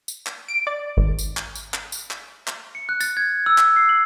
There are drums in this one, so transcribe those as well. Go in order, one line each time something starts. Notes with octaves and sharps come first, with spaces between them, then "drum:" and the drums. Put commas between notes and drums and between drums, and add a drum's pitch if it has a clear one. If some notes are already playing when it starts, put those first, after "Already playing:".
drum: tambourine
drum: clap
D7
D5
G#1
drum: tambourine
drum: clap
drum: tambourine
drum: clap
drum: tambourine
drum: clap
drum: clap
C#7
F#6
A6, drum: tambourine
G#6
E6
drum: clap
C7
F#7